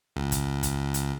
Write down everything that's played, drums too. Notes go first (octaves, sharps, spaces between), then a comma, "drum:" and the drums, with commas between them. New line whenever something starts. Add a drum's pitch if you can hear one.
C#2
drum: kick, hi-hat
drum: kick, hi-hat
drum: hi-hat